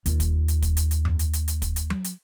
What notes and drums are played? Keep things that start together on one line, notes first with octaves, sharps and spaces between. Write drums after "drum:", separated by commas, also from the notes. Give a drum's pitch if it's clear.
D#2 F4, drum: hi-hat
drum: kick, hi-hat
drum: hi-hat
drum: kick, hi-hat
drum: hi-hat
drum: hi-hat
drum: tom F2
drum: hi-hat
drum: hi-hat
drum: hi-hat
drum: kick, hi-hat
drum: hi-hat
drum: tom F#3
drum: hi-hat